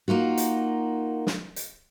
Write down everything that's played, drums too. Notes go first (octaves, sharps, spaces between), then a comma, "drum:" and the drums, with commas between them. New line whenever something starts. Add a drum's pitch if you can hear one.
A#3 D#4 F4 F#4
drum: hi-hat
drum: snare
drum: hi-hat